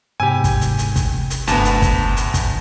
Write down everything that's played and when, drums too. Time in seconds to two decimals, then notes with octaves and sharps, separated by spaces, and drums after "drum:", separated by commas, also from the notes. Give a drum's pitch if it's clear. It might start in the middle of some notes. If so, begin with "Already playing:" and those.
0.20 G#2 C3 B3 G4 G#5
0.44 drum: kick, hi-hat
0.61 drum: hi-hat
0.78 drum: hi-hat
0.96 drum: kick, hi-hat
1.30 drum: hi-hat
1.48 F#1 D2 G2 B3 A5, drum: hi-hat
1.65 drum: hi-hat
1.82 drum: kick, hi-hat
2.17 drum: hi-hat
2.34 drum: kick, hi-hat